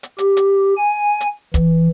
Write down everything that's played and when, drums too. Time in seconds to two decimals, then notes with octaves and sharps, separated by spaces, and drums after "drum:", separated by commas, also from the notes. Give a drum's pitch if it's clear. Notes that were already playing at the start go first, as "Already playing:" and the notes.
0.03 drum: hi-hat
0.18 G4, drum: hi-hat
0.37 drum: hi-hat
0.77 G#5
1.21 drum: hi-hat
1.54 E3, drum: kick, hi-hat